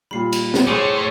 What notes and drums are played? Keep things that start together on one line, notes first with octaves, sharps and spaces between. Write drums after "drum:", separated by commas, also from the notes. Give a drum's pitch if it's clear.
A#2 G3 B5 C7
drum: cymbal
drum: snare
A2 A3 G#4 C5 C#5 G#5 D6